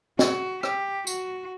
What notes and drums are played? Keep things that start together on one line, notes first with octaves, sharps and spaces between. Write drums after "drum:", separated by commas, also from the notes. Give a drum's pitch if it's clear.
F#4, drum: snare
G4, drum: rim click
F#4, drum: tambourine